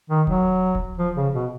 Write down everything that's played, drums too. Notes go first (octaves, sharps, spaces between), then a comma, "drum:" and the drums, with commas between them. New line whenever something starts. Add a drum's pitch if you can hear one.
D#3
F#3, drum: kick D#1
drum: kick D#1
F3
C#3
B2